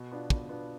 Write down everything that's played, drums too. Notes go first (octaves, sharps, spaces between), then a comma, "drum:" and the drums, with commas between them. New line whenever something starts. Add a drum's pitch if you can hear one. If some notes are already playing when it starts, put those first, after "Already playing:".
Already playing: B2
B3 D4 F4
B2, drum: kick
B3 D4 F4